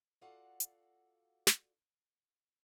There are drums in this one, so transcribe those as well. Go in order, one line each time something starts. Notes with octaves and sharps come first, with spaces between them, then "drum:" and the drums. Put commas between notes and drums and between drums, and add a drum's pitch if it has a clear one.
F4 F#4 A4 D5 F5 F#5
drum: hi-hat
drum: snare